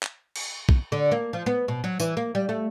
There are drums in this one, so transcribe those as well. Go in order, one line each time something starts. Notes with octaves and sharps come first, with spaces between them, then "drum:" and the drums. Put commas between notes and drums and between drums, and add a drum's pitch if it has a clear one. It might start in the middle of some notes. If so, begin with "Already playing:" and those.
drum: clap
drum: cymbal
drum: kick
D3
A#3
F3
B3
B2
F#3
E3, drum: tambourine
A#3
G3
A3